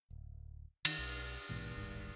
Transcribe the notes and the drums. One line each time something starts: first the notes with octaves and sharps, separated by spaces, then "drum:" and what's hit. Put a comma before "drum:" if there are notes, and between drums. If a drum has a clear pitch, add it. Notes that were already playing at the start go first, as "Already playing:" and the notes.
D1
D#3, drum: cymbal
B1
A#1 G#2 B2 E3
D#1 A1 G#2